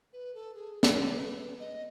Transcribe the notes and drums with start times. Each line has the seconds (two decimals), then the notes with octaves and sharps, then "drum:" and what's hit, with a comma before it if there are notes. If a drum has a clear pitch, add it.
0.13 B4
0.34 A4
0.54 G#4
0.83 A4, drum: snare
1.11 B4
1.60 D#5